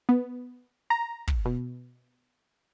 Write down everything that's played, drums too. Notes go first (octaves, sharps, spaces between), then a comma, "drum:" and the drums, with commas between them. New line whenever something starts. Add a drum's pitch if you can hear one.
B3
A#5
drum: kick
B2